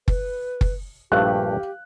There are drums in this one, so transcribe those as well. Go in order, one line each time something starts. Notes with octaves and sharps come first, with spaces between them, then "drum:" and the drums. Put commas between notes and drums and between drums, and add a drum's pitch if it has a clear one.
B4, drum: kick F#1
drum: kick F#1
A#1 G2 A3 G4 F5 F#6